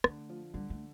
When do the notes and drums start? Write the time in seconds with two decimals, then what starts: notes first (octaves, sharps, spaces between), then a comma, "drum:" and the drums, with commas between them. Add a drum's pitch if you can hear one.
0.04 D3 A3, drum: rim click
0.30 F3
0.54 D3 G3
0.70 A3